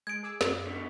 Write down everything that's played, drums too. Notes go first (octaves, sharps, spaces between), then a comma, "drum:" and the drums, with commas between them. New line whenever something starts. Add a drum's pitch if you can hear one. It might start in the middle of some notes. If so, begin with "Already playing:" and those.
G#3 G#6 D7
G#4 D6 E6
F#2 D5, drum: snare
B2 D3